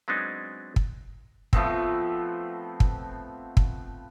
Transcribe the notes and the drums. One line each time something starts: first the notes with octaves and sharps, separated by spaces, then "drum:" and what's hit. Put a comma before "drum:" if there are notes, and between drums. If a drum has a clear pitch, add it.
F#3 G#3 B3 C4 D4 D#4
drum: kick
F3 A3 B3 C4, drum: kick
drum: kick
drum: kick